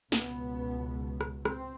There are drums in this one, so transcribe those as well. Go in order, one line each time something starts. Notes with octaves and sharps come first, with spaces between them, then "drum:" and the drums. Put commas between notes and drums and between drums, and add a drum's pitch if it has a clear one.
C#2 B2 B3, drum: snare
drum: rim click
C4, drum: rim click